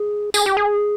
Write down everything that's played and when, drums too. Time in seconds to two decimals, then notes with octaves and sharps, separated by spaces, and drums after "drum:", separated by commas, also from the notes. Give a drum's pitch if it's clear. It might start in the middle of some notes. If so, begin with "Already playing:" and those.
Already playing: G#4
0.34 G#4, drum: tambourine
0.46 G4
0.57 G#4